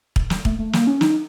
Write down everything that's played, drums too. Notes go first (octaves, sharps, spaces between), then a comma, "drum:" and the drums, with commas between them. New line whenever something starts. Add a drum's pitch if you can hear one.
drum: kick
drum: snare
A3, drum: kick
A3
A#3, drum: snare
C#4
D#4, drum: snare